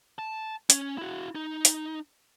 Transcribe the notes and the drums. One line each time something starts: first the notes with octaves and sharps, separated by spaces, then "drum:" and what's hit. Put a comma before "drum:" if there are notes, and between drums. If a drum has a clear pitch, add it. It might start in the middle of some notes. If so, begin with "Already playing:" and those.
A5
C#4, drum: hi-hat
E4 F#4
D#4
drum: hi-hat